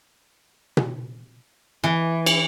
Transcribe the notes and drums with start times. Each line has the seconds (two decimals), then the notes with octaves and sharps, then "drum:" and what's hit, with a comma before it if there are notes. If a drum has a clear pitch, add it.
0.77 drum: tom B2
1.84 E3
2.26 drum: cymbal